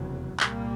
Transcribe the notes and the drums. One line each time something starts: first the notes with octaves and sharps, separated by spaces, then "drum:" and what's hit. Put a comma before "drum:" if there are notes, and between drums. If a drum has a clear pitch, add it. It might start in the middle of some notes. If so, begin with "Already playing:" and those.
Already playing: F1 E2 C#3 F#3
C2 A#2 G3 A#3, drum: clap